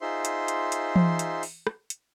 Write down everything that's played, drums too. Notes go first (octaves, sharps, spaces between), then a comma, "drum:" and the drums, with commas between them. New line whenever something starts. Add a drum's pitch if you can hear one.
D#4 F4 G#4 C5 E5 C6
drum: hi-hat
drum: hi-hat
drum: hi-hat
drum: tom E3
drum: hi-hat
drum: open hi-hat
drum: rim click
drum: hi-hat